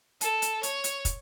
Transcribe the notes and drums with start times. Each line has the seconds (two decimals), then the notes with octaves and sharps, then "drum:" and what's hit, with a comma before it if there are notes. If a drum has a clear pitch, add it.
0.21 A4, drum: hi-hat
0.42 drum: hi-hat
0.63 C#5, drum: hi-hat
0.84 drum: hi-hat
1.05 drum: kick, hi-hat